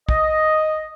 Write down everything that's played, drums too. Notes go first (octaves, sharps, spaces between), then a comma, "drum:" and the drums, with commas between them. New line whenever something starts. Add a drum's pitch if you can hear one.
D#5, drum: kick